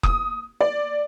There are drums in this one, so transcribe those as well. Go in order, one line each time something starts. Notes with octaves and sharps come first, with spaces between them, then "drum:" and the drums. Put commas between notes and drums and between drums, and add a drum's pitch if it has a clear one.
D#6, drum: kick F1
D5